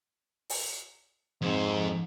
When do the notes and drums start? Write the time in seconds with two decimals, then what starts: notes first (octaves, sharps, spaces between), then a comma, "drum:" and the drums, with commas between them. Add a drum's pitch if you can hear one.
0.50 drum: open hi-hat
1.42 F2 G#2 C4